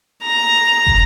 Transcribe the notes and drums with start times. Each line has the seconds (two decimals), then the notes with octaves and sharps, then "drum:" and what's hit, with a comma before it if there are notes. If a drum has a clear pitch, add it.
0.23 A#5
0.87 drum: kick